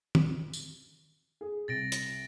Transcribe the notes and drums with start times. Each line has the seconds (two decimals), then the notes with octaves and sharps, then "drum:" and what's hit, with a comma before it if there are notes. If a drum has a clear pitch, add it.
0.15 drum: tom
0.53 drum: tambourine
1.41 G#4
1.68 C2 A6 A#6 D7
1.92 drum: hi-hat